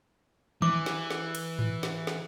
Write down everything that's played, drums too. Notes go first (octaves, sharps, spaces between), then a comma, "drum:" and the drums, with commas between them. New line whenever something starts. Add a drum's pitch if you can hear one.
E3 D6, drum: tom D#3
drum: snare
drum: snare
drum: cymbal
drum: tom G#2
drum: snare
drum: snare